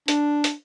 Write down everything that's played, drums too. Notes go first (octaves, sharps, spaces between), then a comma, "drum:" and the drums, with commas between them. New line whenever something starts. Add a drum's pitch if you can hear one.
D4, drum: hi-hat
drum: hi-hat